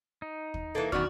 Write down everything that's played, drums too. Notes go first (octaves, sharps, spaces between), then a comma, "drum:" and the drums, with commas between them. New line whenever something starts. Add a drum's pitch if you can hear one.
D#4
drum: kick
E3 A#3 A4
F#2 B2 D#3 F#4 D5 F6, drum: kick